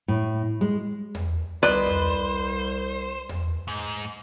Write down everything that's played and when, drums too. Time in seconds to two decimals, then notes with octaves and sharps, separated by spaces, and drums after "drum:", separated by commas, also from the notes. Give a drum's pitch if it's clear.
0.08 A2
0.61 G#3
1.15 drum: tom E2
1.63 C2 B4 C5 D5 D#5
1.86 drum: tom E2
3.29 drum: tom E2
3.68 G#2